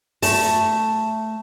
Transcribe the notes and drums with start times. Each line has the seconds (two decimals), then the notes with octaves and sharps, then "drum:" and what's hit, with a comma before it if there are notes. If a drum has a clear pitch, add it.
0.22 A3 A5, drum: open hi-hat